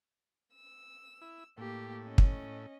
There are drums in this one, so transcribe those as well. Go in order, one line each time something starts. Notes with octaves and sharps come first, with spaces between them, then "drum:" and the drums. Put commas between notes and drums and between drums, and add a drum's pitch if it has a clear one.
E6
E4
A2 A#3 G4
C#4 D#5
drum: kick